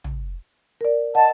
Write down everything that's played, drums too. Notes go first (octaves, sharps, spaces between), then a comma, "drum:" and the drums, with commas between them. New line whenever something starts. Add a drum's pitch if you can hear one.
drum: tom
A#4 D5
D#5 F#5 A5